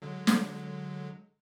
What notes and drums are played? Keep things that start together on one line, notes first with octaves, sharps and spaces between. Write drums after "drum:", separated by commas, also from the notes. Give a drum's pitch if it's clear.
D3 F#3 G#3
drum: snare